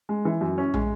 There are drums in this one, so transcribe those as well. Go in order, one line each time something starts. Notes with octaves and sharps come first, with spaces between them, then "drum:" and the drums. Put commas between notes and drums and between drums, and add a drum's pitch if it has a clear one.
G#3
E3
F#2
C#4
G#3, drum: tom